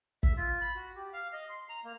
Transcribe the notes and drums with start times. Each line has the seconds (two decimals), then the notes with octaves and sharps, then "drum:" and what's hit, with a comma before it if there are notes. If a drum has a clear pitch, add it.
0.23 E5, drum: kick
0.37 F4
0.61 B5
0.75 F#4
0.95 G4
1.13 F5
1.33 D#5
1.49 C6
1.69 A#5
1.84 A#3